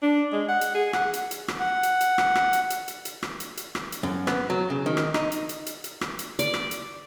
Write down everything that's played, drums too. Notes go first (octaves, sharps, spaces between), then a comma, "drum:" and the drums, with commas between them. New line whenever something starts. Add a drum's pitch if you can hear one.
D4
G#3
F#5
drum: hi-hat
G#4
F#5, drum: rim click
drum: hi-hat
drum: hi-hat
drum: rim click
F#5
drum: hi-hat
drum: hi-hat
drum: rim click
drum: rim click
drum: hi-hat
drum: hi-hat
drum: hi-hat
drum: hi-hat
drum: rim click
drum: hi-hat
drum: hi-hat
drum: rim click
drum: hi-hat
F#2
B3, drum: rim click
F#3
C#3
D#3
drum: rim click
D#4, drum: rim click
drum: hi-hat
drum: hi-hat
drum: hi-hat
drum: hi-hat
drum: rim click
drum: hi-hat
D5, drum: hi-hat
drum: rim click
drum: hi-hat